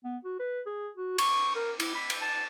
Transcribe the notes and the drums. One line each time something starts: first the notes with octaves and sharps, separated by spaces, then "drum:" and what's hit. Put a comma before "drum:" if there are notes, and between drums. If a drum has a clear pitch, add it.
B3
F#4
B4
G#4
F#4
C#6, drum: cymbal
A#4
E4, drum: cymbal
B5
drum: cymbal
A5